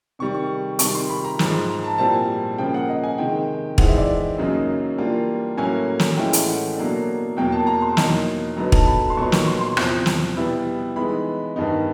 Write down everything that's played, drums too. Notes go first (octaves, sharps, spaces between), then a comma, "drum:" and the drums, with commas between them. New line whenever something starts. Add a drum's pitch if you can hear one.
C3 D#3 G3 C#6
C#6
C3 D#3 G3 C#6, drum: hi-hat
C6
B5
A#5
G#2 F3 G#3, drum: snare
A#5
A5
A#2 G3 C4 E4 A5
G#5
C#3 F3 A#3 G5
F#5
D#5
G#5
C3 D#3 G#3 G5
E3 G#3 C4 D#4 F#5, drum: kick
E5
D5
F#2 C#3 F#3 A#3 D#4
E3 G3 A#3 D4 F4
A2 F#3 A#3 C#4 G#5
drum: snare
A2 E3 G#3 C#4 G5
drum: hi-hat
F#5
B2 F#3 A#3 D4
E2 B2 F#3 A#3 G5
A5
A#5
C6
E2 B2 F#3 A#3 D#4, drum: snare
D3 F#3 B3 D#4 A#5
A5, drum: kick
B5
C6
A#2 F#3 B3 D#4 C#6
C#6, drum: snare
C6
C6
E2 C3 F3, drum: rim click
drum: snare
B2 G3 B3 E4
E3 G#3 B3 D#4 B5
G2 D#3 G3 B3 D#4